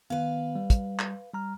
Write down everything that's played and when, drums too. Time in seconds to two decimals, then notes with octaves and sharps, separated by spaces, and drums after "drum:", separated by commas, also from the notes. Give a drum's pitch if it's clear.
0.10 D#3 B3 B4 F5
0.55 G3
0.70 drum: kick, hi-hat
0.99 drum: clap
1.34 G3 A#5 F6